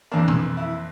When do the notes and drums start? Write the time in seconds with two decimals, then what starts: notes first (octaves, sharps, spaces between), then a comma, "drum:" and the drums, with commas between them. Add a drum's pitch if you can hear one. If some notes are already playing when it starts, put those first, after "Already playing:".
0.11 F2 E3 A#3 D4
0.28 drum: tom B2
0.57 E4